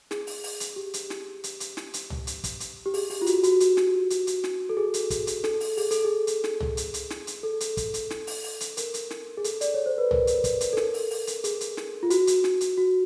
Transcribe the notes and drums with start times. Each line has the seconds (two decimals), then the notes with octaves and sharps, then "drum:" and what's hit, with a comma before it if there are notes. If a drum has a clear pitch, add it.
0.11 G#4, drum: snare
0.27 drum: open hi-hat
0.44 drum: open hi-hat
0.60 drum: hi-hat
0.76 G4
0.94 drum: hi-hat
1.10 drum: snare
1.44 drum: hi-hat
1.60 drum: hi-hat
1.77 drum: snare
1.94 drum: hi-hat
2.10 drum: tom C2
2.27 drum: hi-hat
2.44 drum: kick, hi-hat
2.60 drum: hi-hat
2.86 G4
2.94 G#4, drum: open hi-hat
3.10 G4, drum: open hi-hat
3.22 F4
3.26 F#4, drum: hi-hat
3.43 F#4, drum: hi-hat
3.60 drum: hi-hat
3.77 drum: snare
4.10 drum: hi-hat
4.27 drum: hi-hat
4.44 drum: snare
4.69 A4
4.77 G#4
4.94 drum: hi-hat
5.10 drum: kick, hi-hat
5.27 drum: hi-hat
5.44 A4, drum: snare
5.60 drum: open hi-hat
5.77 G#4, drum: open hi-hat
5.91 A4, drum: hi-hat
6.05 G#4
6.27 drum: hi-hat
6.44 drum: snare
6.60 drum: tom C2
6.77 drum: hi-hat
6.94 drum: hi-hat
7.10 drum: snare
7.27 drum: hi-hat
7.43 A4
7.60 drum: hi-hat
7.77 drum: kick, hi-hat
7.94 drum: hi-hat
8.10 drum: snare
8.27 drum: open hi-hat
8.44 drum: open hi-hat
8.60 drum: hi-hat
8.77 A#4, drum: hi-hat
8.94 drum: hi-hat
9.11 drum: snare
9.37 G#4
9.44 A4, drum: hi-hat
9.61 D5, drum: hi-hat
9.74 C#5
9.86 C5
9.98 B4
10.11 A#4, drum: tom C2
10.27 drum: hi-hat
10.44 drum: kick, hi-hat
10.61 drum: hi-hat
10.73 A4
10.77 A#4, drum: snare
10.94 drum: open hi-hat
11.11 drum: open hi-hat
11.27 drum: hi-hat
11.44 G#4, drum: hi-hat
11.61 drum: hi-hat
11.77 drum: snare
12.03 F4
12.10 F#4, drum: hi-hat
12.27 drum: hi-hat
12.44 drum: snare
12.61 drum: hi-hat
12.78 F#4